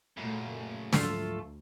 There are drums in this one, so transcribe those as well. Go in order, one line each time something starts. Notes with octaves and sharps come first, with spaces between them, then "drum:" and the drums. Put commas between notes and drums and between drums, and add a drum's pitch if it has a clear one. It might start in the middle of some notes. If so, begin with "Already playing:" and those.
F#2 A#2 C#3 A3 A#3
D2 G#2 F3 F#3 A3 F4 A4, drum: snare